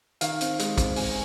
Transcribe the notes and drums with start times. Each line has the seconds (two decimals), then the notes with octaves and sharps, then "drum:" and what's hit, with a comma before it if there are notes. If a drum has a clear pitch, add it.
0.21 D#3 F5, drum: hi-hat
0.41 C4, drum: hi-hat
0.59 G#3, drum: hi-hat
0.78 C4, drum: kick, hi-hat
0.96 C4 G#5, drum: open hi-hat